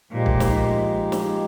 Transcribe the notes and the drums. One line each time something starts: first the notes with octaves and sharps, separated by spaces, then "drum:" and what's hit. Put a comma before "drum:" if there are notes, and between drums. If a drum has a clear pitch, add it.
A#2 F3 G#3 D#4 G4
drum: kick
drum: snare
drum: snare